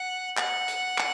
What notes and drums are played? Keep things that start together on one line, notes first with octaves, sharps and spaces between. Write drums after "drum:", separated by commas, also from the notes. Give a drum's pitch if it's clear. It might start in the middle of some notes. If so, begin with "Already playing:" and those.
Already playing: F#5
F#5, drum: clap
drum: hi-hat
drum: clap